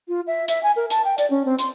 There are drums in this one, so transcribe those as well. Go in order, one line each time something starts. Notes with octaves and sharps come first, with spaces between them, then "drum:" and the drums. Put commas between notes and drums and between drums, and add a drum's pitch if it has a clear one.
F4
E5
E5, drum: hi-hat
G#5
A#4
A5, drum: hi-hat
G5
D5, drum: hi-hat
C#4
C4
C6, drum: hi-hat